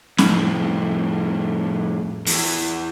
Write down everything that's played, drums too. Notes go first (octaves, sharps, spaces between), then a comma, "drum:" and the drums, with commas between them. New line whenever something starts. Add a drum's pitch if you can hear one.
F2 A2, drum: snare C#4
E2, drum: open hi-hat